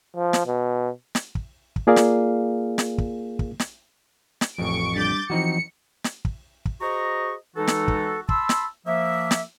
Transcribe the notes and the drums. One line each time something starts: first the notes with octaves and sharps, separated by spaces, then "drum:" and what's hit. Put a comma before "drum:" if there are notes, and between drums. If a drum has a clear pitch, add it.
F3
drum: snare
B2
drum: snare
drum: kick
drum: kick
A#3 F4 G#4 A#4 D5 F5
drum: snare
drum: snare
drum: kick
drum: kick
drum: snare
drum: snare
A1 F2 C#6 D7
G3 D4 D6 G6 A6 B6
E3 F3 C4 D#4 F#4 C#7
drum: snare
drum: kick
drum: kick
F#4 G#4 C5 D#5 A#5 C#6
E3 G#3 D#4 F#4 A4
drum: snare
drum: kick
A5 B5 C6 E6, drum: kick
drum: snare
F3 A#3 E5
drum: snare